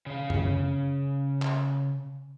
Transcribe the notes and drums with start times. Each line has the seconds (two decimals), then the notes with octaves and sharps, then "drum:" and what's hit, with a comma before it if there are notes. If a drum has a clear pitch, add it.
0.06 C#3 F5
0.30 drum: tom
1.42 drum: clap